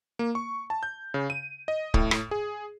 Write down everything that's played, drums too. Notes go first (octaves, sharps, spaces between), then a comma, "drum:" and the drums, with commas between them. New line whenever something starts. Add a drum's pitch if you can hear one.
A#3
C#6
A5
G6
C#3
D#7
D#5
A2, drum: kick C#1
drum: rim click
G#4